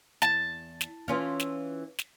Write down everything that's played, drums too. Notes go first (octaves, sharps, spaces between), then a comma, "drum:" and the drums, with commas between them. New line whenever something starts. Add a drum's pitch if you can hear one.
E2 A5, drum: snare
drum: snare
E3 C#4 F4
drum: snare
drum: snare